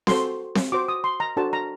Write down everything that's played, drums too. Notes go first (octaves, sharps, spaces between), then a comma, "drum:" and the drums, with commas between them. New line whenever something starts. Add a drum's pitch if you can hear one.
F#4 A4 C5 C6, drum: snare C4
drum: snare C4
F#4 C5 D6
D#6
C6
A#5
D4 F#4 A4 C5 A5
A#5